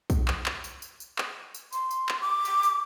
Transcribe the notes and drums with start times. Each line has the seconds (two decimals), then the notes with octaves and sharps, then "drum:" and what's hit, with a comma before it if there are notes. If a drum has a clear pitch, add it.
0.10 drum: kick, tambourine
0.28 drum: clap
0.46 drum: clap
0.64 drum: tambourine
0.82 drum: tambourine
1.00 drum: tambourine
1.18 drum: clap
1.55 drum: tambourine
1.73 C6, drum: tambourine
1.91 drum: tambourine
2.09 drum: clap
2.21 D6
2.45 drum: tambourine
2.63 drum: tambourine